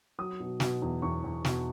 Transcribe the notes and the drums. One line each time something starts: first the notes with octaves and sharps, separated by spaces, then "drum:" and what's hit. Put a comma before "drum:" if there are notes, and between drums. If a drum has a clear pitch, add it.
F#3 D#6
B2
B2, drum: snare
E2
E2 C#6
E2
B2, drum: snare